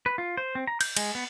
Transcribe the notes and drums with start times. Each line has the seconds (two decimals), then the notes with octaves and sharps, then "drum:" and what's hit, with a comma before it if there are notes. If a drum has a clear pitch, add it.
0.06 B4
0.18 F4
0.37 C5
0.55 C4
0.67 A#5
0.81 G6, drum: cymbal
0.97 G#3, drum: cymbal
1.15 B3